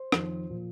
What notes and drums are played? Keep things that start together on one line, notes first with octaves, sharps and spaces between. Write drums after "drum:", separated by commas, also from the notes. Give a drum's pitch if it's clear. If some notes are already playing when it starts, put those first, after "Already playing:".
Already playing: C5
F2 D#3, drum: rim click
A#2 F3